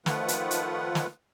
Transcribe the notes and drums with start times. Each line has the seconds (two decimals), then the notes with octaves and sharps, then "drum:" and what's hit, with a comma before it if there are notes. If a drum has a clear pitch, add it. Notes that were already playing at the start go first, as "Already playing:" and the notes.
0.06 D#3 F3 A3 F4 B4 F#5, drum: snare
0.28 drum: hi-hat
0.51 drum: hi-hat
0.95 drum: snare